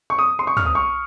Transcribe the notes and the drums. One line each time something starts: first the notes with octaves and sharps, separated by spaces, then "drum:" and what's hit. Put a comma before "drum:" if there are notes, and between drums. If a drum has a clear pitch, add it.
C#6
D#6
C6
C#6
F6, drum: tom
D#6
C#6